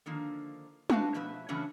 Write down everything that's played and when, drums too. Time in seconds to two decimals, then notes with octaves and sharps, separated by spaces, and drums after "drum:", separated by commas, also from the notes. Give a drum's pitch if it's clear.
0.06 D3 D#3 F3 A#3
0.90 A3 D4 F#4 B4 F5 A5, drum: tom
1.14 B2 F3 B4 E5
1.49 C#3 E3 F#3 A3 C#4 D4